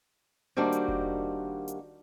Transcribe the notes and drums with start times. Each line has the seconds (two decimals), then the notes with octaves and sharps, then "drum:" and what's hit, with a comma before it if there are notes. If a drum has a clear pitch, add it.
0.57 D#3 G3 A#3 D4 F#4 C5
0.72 drum: hi-hat
0.88 drum: kick F1
1.68 drum: hi-hat